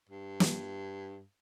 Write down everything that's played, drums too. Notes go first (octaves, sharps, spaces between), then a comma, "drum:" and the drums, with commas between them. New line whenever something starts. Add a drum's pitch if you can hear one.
G2
drum: snare